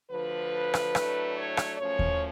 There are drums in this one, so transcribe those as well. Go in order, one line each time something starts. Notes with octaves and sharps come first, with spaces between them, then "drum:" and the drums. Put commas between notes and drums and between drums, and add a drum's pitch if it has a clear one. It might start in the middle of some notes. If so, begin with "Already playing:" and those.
D2 D3 F3 B4
drum: rim click
A2 F#3 A3 D4, drum: rim click
C#5
drum: rim click
F#2 F3 A3 C#4 C#5
drum: kick D#2